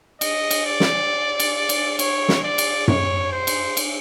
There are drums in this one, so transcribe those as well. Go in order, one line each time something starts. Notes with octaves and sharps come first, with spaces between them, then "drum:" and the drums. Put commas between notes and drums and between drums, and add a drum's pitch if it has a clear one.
D#5, drum: cymbal
drum: cymbal
D5
drum: snare
drum: cymbal
drum: cymbal
C#5, drum: cymbal
drum: snare
D5
drum: cymbal
C#5, drum: tom F#2
C5
drum: cymbal
drum: cymbal